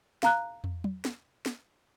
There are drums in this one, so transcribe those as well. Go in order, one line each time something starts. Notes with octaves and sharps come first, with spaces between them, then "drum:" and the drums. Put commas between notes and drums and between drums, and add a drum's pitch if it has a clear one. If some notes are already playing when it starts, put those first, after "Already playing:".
F5 A#5 F#6, drum: snare
drum: tom
drum: tom F#3
drum: snare
drum: snare